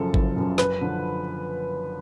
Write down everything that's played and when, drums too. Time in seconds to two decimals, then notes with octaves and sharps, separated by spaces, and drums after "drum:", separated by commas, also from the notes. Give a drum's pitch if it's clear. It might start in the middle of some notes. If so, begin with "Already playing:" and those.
Already playing: F#1 F#2 C#3 F3 A4
0.14 F#1, drum: kick G#1
0.36 F#2 C#3 F3
0.58 F#2 B4, drum: snare
0.81 D3 F3